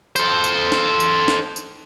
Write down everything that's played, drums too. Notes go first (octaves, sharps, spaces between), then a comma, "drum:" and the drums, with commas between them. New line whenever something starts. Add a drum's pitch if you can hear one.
A4 C5, drum: tambourine
drum: tambourine
drum: snare
drum: tambourine
drum: snare
drum: tambourine